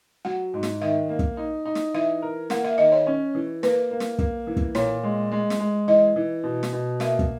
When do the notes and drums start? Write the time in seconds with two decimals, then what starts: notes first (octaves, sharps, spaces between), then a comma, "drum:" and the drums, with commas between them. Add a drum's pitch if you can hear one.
0.25 F#3 F#5
0.54 G#2
0.63 drum: snare
0.82 D#3 E5
1.09 A#3
1.19 drum: kick
1.37 D#4
1.65 D#4
1.75 drum: snare
1.94 E3 E5
2.22 A#4
2.50 A#3 F#5, drum: snare
2.64 E5
2.78 D#3 D#5
2.92 C#5
3.07 C#4
3.35 E3
3.63 A#3 B4, drum: snare
3.91 A#3
4.00 drum: snare
4.19 A#3, drum: kick
4.47 E3
4.57 drum: kick
4.75 A#2 C#5, drum: snare
5.03 G#3
5.31 G#3
5.50 drum: snare
5.60 G#3
5.88 E3 D#5
6.16 E3
6.44 B2
6.63 drum: snare
6.73 B2
7.00 A#3 E5, drum: snare
7.19 drum: kick